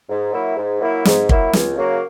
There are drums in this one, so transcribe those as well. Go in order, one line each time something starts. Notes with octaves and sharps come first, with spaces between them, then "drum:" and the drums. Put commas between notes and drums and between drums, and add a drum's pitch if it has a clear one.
G#2
F#3 A#3 E4
G#2
F#3 A#3 E4
G#2, drum: snare
F#3 A#3 E4, drum: kick
C#2, drum: snare
C#3 F#3 A#3